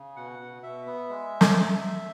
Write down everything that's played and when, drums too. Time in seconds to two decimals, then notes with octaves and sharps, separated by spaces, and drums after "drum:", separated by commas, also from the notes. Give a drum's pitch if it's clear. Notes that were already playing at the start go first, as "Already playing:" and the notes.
Already playing: C#3
0.16 B2 F#5
0.39 B2
0.63 B2 E5
0.86 B3
1.09 G#3
1.41 drum: snare